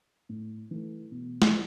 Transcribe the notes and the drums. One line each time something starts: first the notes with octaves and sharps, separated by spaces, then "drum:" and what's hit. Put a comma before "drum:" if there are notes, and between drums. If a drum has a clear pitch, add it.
A2
E3 A3
B2
drum: snare